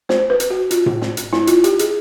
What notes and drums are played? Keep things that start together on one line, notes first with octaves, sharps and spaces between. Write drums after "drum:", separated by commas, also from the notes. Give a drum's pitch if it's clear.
C5, drum: snare
B4
drum: hi-hat
F#4
F4, drum: hi-hat
drum: tom A2
drum: snare
drum: hi-hat
E4, drum: snare
F4, drum: hi-hat
G4, drum: hi-hat
G#4, drum: hi-hat